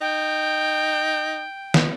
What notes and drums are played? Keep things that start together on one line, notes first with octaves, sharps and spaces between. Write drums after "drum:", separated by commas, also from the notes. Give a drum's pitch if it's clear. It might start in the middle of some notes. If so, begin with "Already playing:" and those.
D#4 G5
B2, drum: snare